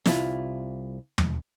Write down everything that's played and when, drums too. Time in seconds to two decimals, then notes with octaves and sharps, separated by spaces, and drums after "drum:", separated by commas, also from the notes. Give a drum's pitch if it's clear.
0.06 C2 E4 F4, drum: snare
1.18 drum: tom